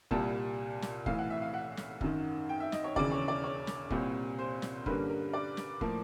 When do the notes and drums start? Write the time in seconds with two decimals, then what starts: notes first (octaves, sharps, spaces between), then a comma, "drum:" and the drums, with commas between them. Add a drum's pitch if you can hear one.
0.11 C2 A#2 G3 A5, drum: kick
0.82 drum: snare
1.06 B1 A2 E3 F5, drum: kick
1.18 F#5
1.30 E5
1.42 F5
1.54 F#5
1.77 drum: snare
2.01 G#1 F#2 D#3, drum: kick
2.49 G5
2.60 E5
2.72 D#5, drum: snare
2.84 C#5
2.96 E1 D#2 C#3 E3 D5, drum: kick
3.12 C#5
3.28 D5
3.44 C#5
3.67 drum: snare
3.90 C2 A#2 G3 C4, drum: kick
4.39 C5
4.62 drum: snare
4.86 G2 D3 G3 A#3 C#4 B4, drum: kick
5.09 A#4
5.33 D5
5.57 drum: snare
5.81 A2 F3 A#3, drum: kick